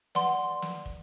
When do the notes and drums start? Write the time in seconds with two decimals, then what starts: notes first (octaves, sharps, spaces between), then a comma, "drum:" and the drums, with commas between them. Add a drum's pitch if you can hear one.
0.15 B4 D5 F#5 C6, drum: snare
0.62 drum: snare
0.86 drum: kick